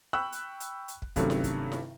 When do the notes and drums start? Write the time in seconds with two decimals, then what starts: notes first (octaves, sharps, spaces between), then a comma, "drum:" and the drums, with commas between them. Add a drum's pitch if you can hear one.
0.13 G5 B5 C#6 E6 F#6
0.32 drum: hi-hat
0.60 drum: hi-hat
0.88 drum: hi-hat
1.02 drum: kick
1.16 G2 C3 D#3 F#3 A3 C#4, drum: kick, hi-hat
1.30 drum: snare E4
1.44 drum: kick, hi-hat
1.72 drum: snare E4